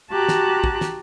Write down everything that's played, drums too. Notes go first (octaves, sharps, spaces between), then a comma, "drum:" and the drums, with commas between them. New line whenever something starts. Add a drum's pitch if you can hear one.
F#4 G4 A5 A#5 F#6
drum: snare
drum: kick
drum: snare